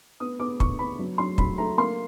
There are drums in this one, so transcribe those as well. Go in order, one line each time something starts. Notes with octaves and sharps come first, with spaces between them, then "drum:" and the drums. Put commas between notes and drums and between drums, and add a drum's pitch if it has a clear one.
B3 D#6
B3 D6
D3 C#6, drum: kick
B3 B5
F#3
F#3 C6
F#3 B5, drum: kick
A3 A#5
A#3 C6